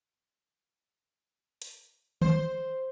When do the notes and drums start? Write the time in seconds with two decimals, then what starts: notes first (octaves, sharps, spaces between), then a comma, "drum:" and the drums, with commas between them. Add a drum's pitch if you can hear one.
1.62 drum: hi-hat
2.22 C5, drum: tom D#3